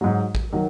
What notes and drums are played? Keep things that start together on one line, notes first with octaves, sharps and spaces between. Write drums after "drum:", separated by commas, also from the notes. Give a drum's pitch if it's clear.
G#2 F#3
drum: kick A1
D#3 F#3